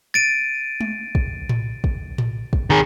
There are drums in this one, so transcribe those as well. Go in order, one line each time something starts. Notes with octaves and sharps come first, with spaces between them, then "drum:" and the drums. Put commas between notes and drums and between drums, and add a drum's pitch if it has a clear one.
A6 D7 D#7
drum: tom G#3
drum: kick
drum: tom A2
drum: kick
drum: tom A2
drum: kick
D#3 G#4